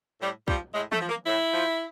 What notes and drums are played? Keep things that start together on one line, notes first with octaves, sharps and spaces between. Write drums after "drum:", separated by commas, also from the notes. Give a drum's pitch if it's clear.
A2 G3
F3 G3, drum: kick
A2 G#3
A3, drum: tom E3
F3
A#3
A2 E4
F3